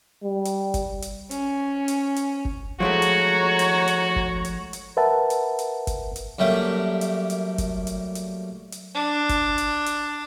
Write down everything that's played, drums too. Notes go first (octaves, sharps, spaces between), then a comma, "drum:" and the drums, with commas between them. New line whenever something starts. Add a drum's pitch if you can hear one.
G3
drum: hi-hat
drum: kick F#1, hi-hat
drum: hi-hat
C#4, drum: hi-hat
drum: hi-hat
drum: hi-hat
drum: kick F#1
F3 G#3 A3 F#4 C#5 A#5
drum: hi-hat
drum: hi-hat
drum: hi-hat
drum: kick F#1
drum: hi-hat
drum: hi-hat
A#4 B4 E5 F#5 A5
drum: hi-hat
drum: hi-hat
drum: kick F#1, hi-hat
drum: hi-hat
F#2 G3 A3 A#3
drum: hi-hat
drum: hi-hat
drum: kick F#1, hi-hat
drum: hi-hat
drum: hi-hat
drum: hi-hat
D4
drum: kick F#1, hi-hat
drum: hi-hat
drum: hi-hat